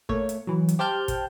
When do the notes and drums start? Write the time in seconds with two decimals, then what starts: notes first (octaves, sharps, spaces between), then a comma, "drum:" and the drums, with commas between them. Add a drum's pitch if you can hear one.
0.09 A3 A#3 C#5, drum: kick
0.29 drum: hi-hat
0.47 E3 F#3
0.68 drum: hi-hat
0.79 G4 C5 G5 A5 F6 G6
1.08 drum: kick, hi-hat